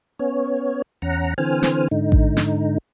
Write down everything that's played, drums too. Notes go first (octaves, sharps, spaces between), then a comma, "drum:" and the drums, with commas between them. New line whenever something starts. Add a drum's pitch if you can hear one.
B3 C#4 C#5
E2 C#4 F#5 A#5
D3 E3 C4 C5 G#5 F6
drum: snare
G#2 D3 D#4
drum: kick A1
drum: snare